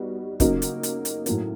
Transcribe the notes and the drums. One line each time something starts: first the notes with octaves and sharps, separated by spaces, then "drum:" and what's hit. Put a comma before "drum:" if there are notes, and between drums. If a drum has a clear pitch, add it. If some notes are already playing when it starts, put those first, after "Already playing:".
Already playing: G3 B3 D#4 F#4
C#3 F#3 A#3 D#4 F#4, drum: kick, hi-hat
drum: hi-hat
drum: hi-hat
drum: hi-hat
A2 F#3 A#3, drum: hi-hat